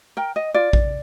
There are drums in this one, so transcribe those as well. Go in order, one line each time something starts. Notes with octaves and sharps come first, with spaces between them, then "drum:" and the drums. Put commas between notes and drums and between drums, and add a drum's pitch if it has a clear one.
A#4 G5
D#5
F4 D5
drum: kick A#1